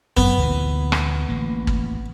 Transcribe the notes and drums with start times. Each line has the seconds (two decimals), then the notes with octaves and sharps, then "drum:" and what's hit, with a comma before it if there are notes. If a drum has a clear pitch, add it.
0.17 F#2 B3, drum: kick
0.38 D2 A#2 E3
0.92 drum: rim click
1.29 A1 A#3
1.67 drum: kick